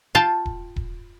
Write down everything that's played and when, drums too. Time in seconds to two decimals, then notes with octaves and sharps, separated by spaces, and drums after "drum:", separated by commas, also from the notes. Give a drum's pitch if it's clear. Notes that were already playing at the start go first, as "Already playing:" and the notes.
0.15 F4 F5 G5 A5
0.46 drum: kick D#1
0.76 drum: kick D#1